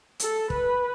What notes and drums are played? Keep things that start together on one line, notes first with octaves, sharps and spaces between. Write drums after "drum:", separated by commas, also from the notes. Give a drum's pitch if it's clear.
A4, drum: hi-hat
B4, drum: kick